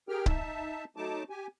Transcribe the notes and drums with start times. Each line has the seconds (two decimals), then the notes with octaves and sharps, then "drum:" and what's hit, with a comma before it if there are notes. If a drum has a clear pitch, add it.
0.09 G4 G#4 A#4 G5 F6
0.26 D#4 E5 A5, drum: kick C#1
0.96 F#3 A3 D#4 A5 D6
1.30 G4 G#5